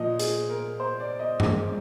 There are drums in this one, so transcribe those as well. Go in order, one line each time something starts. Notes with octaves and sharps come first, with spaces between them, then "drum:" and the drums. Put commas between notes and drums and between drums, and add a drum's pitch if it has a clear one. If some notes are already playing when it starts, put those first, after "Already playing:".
Already playing: A#2 F3 D#5
G#4, drum: hi-hat
A#4
C5
D5
D#5
G#4, drum: tom G2